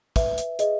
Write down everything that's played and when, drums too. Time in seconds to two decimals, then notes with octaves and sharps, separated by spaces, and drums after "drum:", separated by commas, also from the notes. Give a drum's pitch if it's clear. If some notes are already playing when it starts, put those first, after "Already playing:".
0.16 B4 E5, drum: kick, hi-hat
0.38 drum: hi-hat
0.59 G#4 D#5, drum: hi-hat